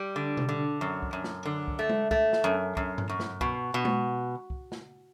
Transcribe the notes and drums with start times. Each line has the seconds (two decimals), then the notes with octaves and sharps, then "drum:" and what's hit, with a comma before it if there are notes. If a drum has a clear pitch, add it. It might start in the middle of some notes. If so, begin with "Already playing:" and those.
Already playing: G3
0.16 D3
0.37 drum: tom B2
0.49 D3
0.81 F#2
1.03 drum: kick C2
1.13 F#2
1.24 drum: snare
1.46 D3
1.68 drum: kick C2
1.79 A3
1.89 drum: tom G#3
2.11 A3, drum: kick C2
2.33 drum: snare
2.44 F#2
2.77 F#2, drum: kick C2
2.98 drum: tom G2
3.09 F#2
3.20 drum: snare
3.41 B2, drum: kick C2
3.74 B2
3.85 drum: tom G#3
4.50 drum: kick C2
4.72 drum: snare